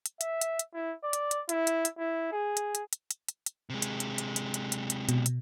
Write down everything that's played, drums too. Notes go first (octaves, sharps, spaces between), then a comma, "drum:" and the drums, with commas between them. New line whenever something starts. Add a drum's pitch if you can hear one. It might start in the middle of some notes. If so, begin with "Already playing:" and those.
drum: hi-hat
E5, drum: hi-hat
drum: hi-hat
drum: hi-hat
E4
D5
drum: hi-hat
drum: hi-hat
E4, drum: hi-hat
drum: hi-hat
drum: hi-hat
E4
G#4
drum: hi-hat
drum: hi-hat
drum: hi-hat
drum: hi-hat
drum: hi-hat
drum: hi-hat
C3 G#3
drum: hi-hat
drum: hi-hat
drum: hi-hat
drum: hi-hat
drum: hi-hat
drum: hi-hat
drum: hi-hat
B2, drum: hi-hat
drum: hi-hat